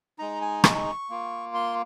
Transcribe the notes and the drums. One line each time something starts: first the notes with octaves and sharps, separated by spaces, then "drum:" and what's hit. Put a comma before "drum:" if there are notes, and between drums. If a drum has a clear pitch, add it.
G#3 D#4 A#5
G#5
C#6, drum: rim click
A#3 F4
C6